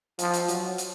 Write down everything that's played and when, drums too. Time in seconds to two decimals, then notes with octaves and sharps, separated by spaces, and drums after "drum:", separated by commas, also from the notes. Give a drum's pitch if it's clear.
0.19 F3, drum: hi-hat
0.34 drum: hi-hat
0.48 F#3, drum: hi-hat
0.78 drum: hi-hat